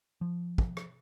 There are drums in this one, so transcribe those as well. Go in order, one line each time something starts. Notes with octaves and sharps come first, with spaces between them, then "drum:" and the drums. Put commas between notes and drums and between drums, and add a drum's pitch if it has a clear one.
F3
drum: kick
drum: rim click